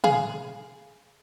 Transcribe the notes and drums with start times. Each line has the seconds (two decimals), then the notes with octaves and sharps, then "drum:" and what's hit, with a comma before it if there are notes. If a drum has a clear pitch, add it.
0.04 G#4 F5, drum: tom